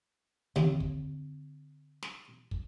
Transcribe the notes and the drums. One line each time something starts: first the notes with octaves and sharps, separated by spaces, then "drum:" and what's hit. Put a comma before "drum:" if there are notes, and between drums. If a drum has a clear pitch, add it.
D#2 D3 C4, drum: snare
drum: kick
drum: snare
drum: kick